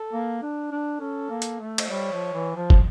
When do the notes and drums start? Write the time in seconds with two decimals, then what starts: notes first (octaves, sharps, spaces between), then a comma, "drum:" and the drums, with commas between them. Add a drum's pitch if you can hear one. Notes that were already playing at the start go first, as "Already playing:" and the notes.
Already playing: A4
0.13 A#3
0.42 D4
0.72 D4
1.00 C#4 A4
1.30 A#3
1.42 drum: hi-hat
1.60 A3
1.78 drum: cymbal
1.89 G3 C#5
2.12 F3
2.33 E3
2.56 F3
2.70 drum: kick